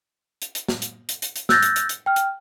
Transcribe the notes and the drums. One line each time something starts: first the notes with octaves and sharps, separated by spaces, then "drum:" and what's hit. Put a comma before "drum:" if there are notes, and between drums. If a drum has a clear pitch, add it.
drum: hi-hat
drum: hi-hat
drum: snare
drum: hi-hat
drum: hi-hat
drum: hi-hat
drum: hi-hat
E6 F#6 G6 A6 A#6, drum: snare
drum: hi-hat
drum: hi-hat
drum: hi-hat
G5 F6
drum: hi-hat